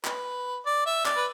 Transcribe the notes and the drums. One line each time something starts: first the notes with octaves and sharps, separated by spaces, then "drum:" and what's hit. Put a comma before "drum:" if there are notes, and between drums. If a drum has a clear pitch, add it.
B4, drum: clap
D5
E5
D5, drum: clap
B4